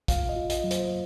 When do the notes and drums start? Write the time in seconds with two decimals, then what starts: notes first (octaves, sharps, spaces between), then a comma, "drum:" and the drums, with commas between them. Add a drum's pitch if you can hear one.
0.08 F4 F5, drum: kick, hi-hat
0.29 D#5
0.36 F4
0.50 D#5, drum: hi-hat
0.64 F#3
0.71 C5, drum: hi-hat